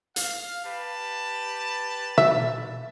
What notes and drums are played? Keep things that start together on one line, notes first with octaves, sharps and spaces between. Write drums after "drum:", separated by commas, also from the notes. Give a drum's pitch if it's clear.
F5, drum: hi-hat
G4 B4 A5
E5, drum: tom B2